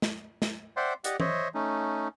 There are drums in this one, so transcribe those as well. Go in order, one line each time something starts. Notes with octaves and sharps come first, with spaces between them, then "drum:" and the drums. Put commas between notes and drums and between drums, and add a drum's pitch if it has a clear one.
drum: snare
drum: snare
C5 D5 E5 F#5 G5 C6
G4 D5 D#5 F#5, drum: hi-hat
C5 C#5 D#5 E5, drum: tom E3
A3 C#4 D#4